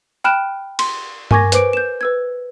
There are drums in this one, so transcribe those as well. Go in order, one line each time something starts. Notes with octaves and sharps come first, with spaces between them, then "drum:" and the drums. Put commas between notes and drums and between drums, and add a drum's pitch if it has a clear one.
G5 B5 F6 F#6 D7 E7
C6, drum: cymbal
A#4 G#5 C#6 D6 G#6 A#6, drum: tom G2
B4 C5 D6 D7, drum: hi-hat
G6 E7
B4 E6 G#6